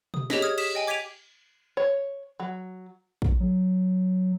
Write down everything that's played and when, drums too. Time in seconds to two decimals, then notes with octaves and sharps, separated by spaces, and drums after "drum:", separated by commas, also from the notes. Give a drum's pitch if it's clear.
0.14 D#6, drum: tom A#2
0.30 G4 G#4 C#5 D#5 A#6 B6, drum: snare
0.42 D#6 F6 G#6
0.58 G4 D#6 B6 E7, drum: cymbal
0.75 D#5 G5 G#5
0.87 D6 G#6 B6 D7 D#7 F7
1.77 C#5
2.40 F#3
3.22 drum: kick
3.40 F#3